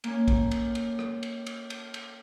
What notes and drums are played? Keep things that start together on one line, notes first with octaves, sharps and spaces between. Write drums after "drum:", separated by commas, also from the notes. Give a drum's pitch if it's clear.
A#3 C#4, drum: cymbal
drum: kick A#1, cymbal
drum: cymbal
drum: cymbal
drum: rim click
drum: cymbal
drum: cymbal
drum: cymbal
drum: cymbal